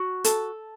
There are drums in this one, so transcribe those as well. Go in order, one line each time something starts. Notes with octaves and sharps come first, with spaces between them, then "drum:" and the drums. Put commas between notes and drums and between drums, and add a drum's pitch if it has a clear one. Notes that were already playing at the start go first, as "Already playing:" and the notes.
Already playing: F#4
A4, drum: hi-hat